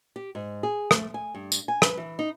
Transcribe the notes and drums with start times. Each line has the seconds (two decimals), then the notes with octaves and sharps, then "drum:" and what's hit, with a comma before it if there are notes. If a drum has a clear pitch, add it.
0.16 G4
0.35 G#2
0.63 G#4
0.91 A3, drum: rim click
1.14 G#5
1.34 G2
1.52 drum: tambourine
1.68 G#5
1.82 B4, drum: rim click
1.97 E3
2.19 D#4